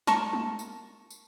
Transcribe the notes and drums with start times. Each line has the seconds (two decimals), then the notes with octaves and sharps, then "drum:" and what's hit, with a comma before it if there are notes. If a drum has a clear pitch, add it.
0.07 A#4 A5 C#6, drum: snare
0.33 drum: tom
0.59 drum: tambourine
1.10 drum: tambourine